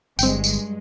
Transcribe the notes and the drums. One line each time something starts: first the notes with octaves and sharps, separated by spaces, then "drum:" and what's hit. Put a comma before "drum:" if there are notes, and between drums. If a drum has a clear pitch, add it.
G1 G2 G#3 C4 G5, drum: tambourine
drum: tambourine